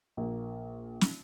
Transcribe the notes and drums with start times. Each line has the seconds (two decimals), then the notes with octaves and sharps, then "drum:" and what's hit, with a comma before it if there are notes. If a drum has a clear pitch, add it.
0.17 A#1 A#3
1.01 drum: snare